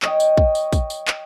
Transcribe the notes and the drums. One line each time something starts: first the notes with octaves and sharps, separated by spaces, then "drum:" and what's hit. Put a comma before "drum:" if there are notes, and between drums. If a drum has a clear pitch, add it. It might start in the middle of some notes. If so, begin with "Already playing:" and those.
C#5 D#5 G5, drum: clap
drum: tambourine
drum: kick
drum: tambourine
drum: kick, tambourine
drum: tambourine
drum: clap